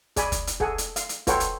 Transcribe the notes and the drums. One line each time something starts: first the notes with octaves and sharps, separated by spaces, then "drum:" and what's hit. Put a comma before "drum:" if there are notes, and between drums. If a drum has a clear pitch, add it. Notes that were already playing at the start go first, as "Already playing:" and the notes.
G#4 D5 G#5 B5, drum: kick, hi-hat
drum: kick, hi-hat
drum: hi-hat
G#4 A4 F#5 G#5, drum: kick
drum: hi-hat
F5, drum: hi-hat
drum: hi-hat
F4 A4 B4 C#5 F#5 G5, drum: kick, hi-hat
drum: hi-hat